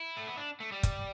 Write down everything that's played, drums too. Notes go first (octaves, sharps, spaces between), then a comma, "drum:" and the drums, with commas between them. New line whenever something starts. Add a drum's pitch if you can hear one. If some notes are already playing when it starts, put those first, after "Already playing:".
Already playing: E4
A3
B3
D4
A3
G3
drum: kick, hi-hat